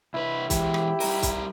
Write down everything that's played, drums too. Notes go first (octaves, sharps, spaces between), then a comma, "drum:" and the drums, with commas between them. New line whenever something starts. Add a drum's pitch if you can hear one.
C2 E4 B4
E3 G#3 G4, drum: kick C2, hi-hat
drum: rim click
G3 A#4, drum: open hi-hat
drum: kick C2, hi-hat